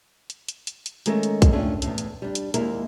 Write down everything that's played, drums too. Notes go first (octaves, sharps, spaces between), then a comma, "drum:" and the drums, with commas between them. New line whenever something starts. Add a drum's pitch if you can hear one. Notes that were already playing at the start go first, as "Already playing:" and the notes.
drum: hi-hat
drum: hi-hat
drum: hi-hat
drum: hi-hat
D#3 G#3 A3 C#4 A4 A#4, drum: hi-hat
drum: hi-hat
drum: kick B1, hi-hat
A3 C#4 D4 F4 G5
E2 A2, drum: hi-hat
drum: hi-hat
G3 D4
drum: hi-hat
D#2 G#3 A#3 E4 A#4, drum: hi-hat